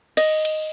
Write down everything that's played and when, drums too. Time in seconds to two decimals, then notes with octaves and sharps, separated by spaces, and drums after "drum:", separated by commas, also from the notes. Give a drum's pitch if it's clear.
0.17 D#5, drum: cymbal
0.45 drum: cymbal